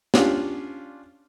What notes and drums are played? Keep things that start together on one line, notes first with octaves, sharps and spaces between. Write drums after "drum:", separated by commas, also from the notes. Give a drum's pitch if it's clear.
C#4 D4 F4 G4, drum: snare